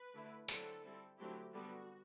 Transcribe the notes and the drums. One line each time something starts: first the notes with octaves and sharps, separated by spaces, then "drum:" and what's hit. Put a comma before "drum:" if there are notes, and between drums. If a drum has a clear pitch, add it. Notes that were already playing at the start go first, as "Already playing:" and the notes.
Already playing: B4
D3 A3 E4
D3 F#3 C4 E4 A4, drum: tambourine
G3 C4 E4
D3 F#3 A3 C4 E4 G4
D3 G3 B3 F#4